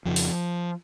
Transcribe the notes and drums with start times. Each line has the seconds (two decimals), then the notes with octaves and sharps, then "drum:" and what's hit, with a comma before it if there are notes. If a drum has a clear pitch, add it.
0.05 F2 C#3 F3
0.16 drum: open hi-hat